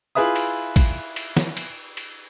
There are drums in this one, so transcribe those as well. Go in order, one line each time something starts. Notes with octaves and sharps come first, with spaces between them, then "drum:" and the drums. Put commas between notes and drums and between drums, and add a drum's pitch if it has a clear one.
E4 F4 G#4 B4 E5 D#6
drum: cymbal
drum: kick, cymbal
drum: cymbal
drum: snare
drum: cymbal
drum: cymbal